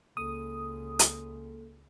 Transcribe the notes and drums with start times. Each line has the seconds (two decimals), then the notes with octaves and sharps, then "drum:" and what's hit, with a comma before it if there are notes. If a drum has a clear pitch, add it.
0.17 C#2 A#3 A4 D#6
0.99 drum: hi-hat